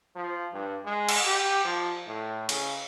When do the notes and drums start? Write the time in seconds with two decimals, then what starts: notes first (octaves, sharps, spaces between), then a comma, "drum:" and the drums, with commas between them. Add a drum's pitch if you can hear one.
0.16 F3
0.53 G2
0.85 G#3
1.09 drum: cymbal
1.26 G4
1.65 F3
2.07 A2
2.49 C#3, drum: cymbal